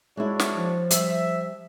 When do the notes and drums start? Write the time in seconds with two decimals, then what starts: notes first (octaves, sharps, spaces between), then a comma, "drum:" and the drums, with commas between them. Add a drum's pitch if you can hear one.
0.17 G#3 D4 E4 F#4 C#5
0.40 drum: snare
0.54 F3
0.91 G3 E5, drum: hi-hat